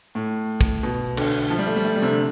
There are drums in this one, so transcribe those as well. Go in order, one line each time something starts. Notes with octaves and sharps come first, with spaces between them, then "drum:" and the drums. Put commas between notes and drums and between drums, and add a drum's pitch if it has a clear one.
A2
drum: kick
B2
D3, drum: cymbal
F3
G3
A3
G3
A3
G3
C3
D3